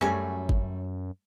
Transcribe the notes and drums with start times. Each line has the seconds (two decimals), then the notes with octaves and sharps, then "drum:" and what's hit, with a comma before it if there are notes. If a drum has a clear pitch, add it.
0.01 F#2 G3 A3 C#4 F#4 G#5
0.49 drum: kick